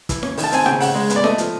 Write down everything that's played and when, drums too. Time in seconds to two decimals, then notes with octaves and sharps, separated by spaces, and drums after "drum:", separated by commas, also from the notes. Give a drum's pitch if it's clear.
0.09 E3, drum: kick, hi-hat
0.23 C#4, drum: snare E4
0.37 D#3, drum: open hi-hat
0.44 A5
0.52 C4 G#5, drum: hi-hat
0.66 C#3 G5, drum: snare E4
0.80 C#3 F#5, drum: open hi-hat
0.95 G#3
1.10 B3, drum: hi-hat
1.16 D5
1.24 A3 D#5, drum: snare E4
1.38 F3, drum: hi-hat